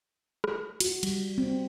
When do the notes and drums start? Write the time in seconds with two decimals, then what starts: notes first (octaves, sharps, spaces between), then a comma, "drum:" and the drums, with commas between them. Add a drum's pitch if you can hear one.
0.44 drum: rim click
0.80 F#4, drum: hi-hat
1.03 G3, drum: cymbal
1.38 C4